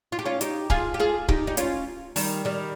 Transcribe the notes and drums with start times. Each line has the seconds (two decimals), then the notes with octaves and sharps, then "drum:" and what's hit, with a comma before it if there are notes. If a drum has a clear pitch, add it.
0.12 F4
0.19 G4
0.26 C#4 F4
0.41 D#4 G4, drum: hi-hat
0.70 F4 G#4, drum: kick C#1
0.94 G4
1.00 F4 G#4
1.29 D#4 G4, drum: kick C#1
1.47 D#4
1.57 C#4 F4, drum: hi-hat
2.16 D#3 G3, drum: open hi-hat
2.45 D#3 G3